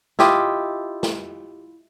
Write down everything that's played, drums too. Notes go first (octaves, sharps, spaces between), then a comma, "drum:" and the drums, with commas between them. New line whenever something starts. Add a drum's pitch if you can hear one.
E4 F4 G4 D#5, drum: snare
drum: snare